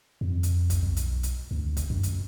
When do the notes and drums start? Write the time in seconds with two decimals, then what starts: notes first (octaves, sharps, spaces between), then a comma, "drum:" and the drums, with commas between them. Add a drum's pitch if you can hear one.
0.21 F2
0.43 drum: hi-hat
0.70 drum: kick, hi-hat
0.83 B1
0.97 drum: hi-hat
1.23 drum: hi-hat
1.51 D2
1.77 drum: kick, hi-hat
1.90 F#2
2.03 drum: hi-hat